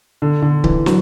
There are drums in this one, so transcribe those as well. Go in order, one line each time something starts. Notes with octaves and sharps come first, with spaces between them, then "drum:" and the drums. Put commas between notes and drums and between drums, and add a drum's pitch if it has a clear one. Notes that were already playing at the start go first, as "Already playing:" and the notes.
D3
D3
E3, drum: kick C#1
F#3, drum: snare